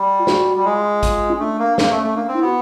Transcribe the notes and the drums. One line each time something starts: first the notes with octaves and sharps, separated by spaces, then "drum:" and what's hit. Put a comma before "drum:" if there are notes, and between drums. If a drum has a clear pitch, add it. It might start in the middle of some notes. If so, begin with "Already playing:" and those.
Already playing: G3
F4
F#4, drum: snare
G3
G#3 F4
drum: kick A1, hi-hat
C#4
A3 D4
A#3
A#3 C#4, drum: snare
A3
A3
A#3 D4
C4
E4
B3 F#4